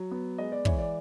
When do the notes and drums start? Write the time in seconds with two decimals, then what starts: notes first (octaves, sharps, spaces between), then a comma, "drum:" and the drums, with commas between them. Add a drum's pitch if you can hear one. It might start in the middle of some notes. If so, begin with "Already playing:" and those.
Already playing: F#3
0.11 B3
0.38 G#3 D#5
0.52 D5
0.65 E3 C#5, drum: kick
0.78 D5